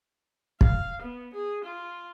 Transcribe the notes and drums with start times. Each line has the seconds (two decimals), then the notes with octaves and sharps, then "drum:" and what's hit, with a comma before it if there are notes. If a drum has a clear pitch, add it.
0.61 F5, drum: kick
1.02 B3
1.34 G#4
1.64 F4